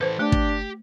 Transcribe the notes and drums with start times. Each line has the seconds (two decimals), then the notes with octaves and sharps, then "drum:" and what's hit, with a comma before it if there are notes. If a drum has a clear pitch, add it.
0.01 E3 A4 B4 C5
0.19 A3 D4 G4
0.32 drum: kick